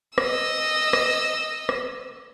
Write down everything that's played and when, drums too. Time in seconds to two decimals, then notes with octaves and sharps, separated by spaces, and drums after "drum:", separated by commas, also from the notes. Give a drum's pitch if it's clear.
0.18 D#5 E6, drum: rim click
0.93 drum: rim click
1.69 drum: rim click